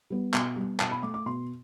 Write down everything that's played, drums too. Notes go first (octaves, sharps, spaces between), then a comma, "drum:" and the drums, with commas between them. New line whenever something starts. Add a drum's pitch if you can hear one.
G3 B3
B2, drum: clap
G3 B3
B2 A5, drum: clap
B5
A3 D6
D6
B2 C6